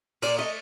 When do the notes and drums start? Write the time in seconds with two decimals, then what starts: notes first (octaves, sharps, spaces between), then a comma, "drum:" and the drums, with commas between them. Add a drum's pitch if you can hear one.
0.22 A#2 D5, drum: cymbal
0.38 A3 D#5